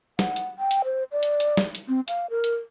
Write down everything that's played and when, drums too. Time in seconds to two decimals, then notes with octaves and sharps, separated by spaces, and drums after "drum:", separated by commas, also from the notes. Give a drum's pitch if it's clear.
0.19 F#5, drum: snare
0.36 drum: hi-hat
0.59 G5
0.71 drum: hi-hat
0.85 C5
1.12 D5
1.23 drum: hi-hat
1.40 drum: hi-hat
1.57 drum: snare
1.75 drum: hi-hat
1.88 C4
2.08 F5, drum: hi-hat
2.30 A#4
2.44 drum: hi-hat